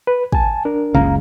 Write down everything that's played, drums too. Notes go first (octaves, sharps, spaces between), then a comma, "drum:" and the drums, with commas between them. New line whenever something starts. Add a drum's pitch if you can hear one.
B4
G#5 A5, drum: kick
D4 A#4
F#1 C#2 C#3 F5 A#5